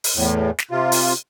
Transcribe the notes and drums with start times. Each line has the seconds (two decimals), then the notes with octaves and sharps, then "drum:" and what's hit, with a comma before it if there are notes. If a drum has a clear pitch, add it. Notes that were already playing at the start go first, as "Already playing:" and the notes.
0.04 drum: open hi-hat
0.16 E2 A2
0.58 drum: snare
0.71 C3 F4
0.92 drum: open hi-hat